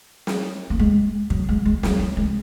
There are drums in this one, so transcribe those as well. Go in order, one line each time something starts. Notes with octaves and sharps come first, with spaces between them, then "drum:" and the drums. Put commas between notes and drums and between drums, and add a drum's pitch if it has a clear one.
drum: snare
A#3
G#3
F#3, drum: kick
G#3
G#3
F#3, drum: snare
F#3
G#3